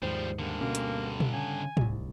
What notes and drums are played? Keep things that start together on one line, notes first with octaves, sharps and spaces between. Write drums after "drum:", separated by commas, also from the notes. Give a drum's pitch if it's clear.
D#2 G#2 F3 G3 C5
G2 D3 A#3
D2 B2 A#3 C#4
drum: hi-hat
drum: tom A#2
C#3 G#5
D1 C2, drum: tom